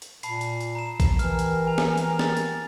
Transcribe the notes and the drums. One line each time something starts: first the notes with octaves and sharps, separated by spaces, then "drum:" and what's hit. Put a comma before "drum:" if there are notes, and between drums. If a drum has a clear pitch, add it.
drum: hi-hat
A#2 A5 B5 C7, drum: hi-hat
drum: hi-hat
drum: hi-hat
A#5 E7
drum: kick A#1, hi-hat
E3 G4 A#4 F6, drum: hi-hat
drum: hi-hat
G#5 F7
drum: snare
drum: hi-hat
A6, drum: snare
drum: hi-hat